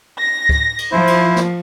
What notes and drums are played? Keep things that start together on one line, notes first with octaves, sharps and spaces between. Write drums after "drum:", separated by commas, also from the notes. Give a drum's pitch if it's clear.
A#6
drum: kick C#2
drum: cymbal
F3 E4 C5
drum: cymbal
drum: snare